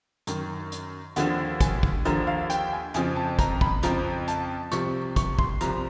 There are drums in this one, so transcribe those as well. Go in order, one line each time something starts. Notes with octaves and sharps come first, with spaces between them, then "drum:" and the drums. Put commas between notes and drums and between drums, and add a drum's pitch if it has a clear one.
F#2 D#3, drum: hi-hat
drum: hi-hat
D#2 D3 F3 F#5, drum: hi-hat
G#5, drum: kick, hi-hat
drum: kick
D#2 D3 F3 A#5, drum: hi-hat
F5
G5, drum: hi-hat
G#5
F2 C#3 F3 G#5, drum: hi-hat
A5
A#5, drum: kick, hi-hat
B5, drum: kick
F2 C#3 F3 A#5, drum: hi-hat
A5, drum: hi-hat
C2 C3 F3 C#6, drum: hi-hat
C#6, drum: kick, hi-hat
C6, drum: kick
C2 C3 F3 A#5, drum: hi-hat